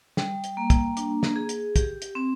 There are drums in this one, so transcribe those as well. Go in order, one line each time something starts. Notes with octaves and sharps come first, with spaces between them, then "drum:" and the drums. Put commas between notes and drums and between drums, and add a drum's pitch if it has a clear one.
G3, drum: snare
drum: hi-hat
A#3
drum: kick, hi-hat
D4, drum: hi-hat
drum: snare
G#4
drum: hi-hat
G4, drum: kick, hi-hat
drum: hi-hat
C4